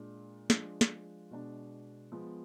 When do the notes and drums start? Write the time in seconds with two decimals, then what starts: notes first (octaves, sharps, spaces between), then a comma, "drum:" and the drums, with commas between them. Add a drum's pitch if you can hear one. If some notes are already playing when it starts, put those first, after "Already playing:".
Already playing: A#2 G#3 D4
0.50 F3 G#3 D4, drum: snare
0.81 drum: snare
1.31 B2 G#3 D4
2.12 F3 G#3 B3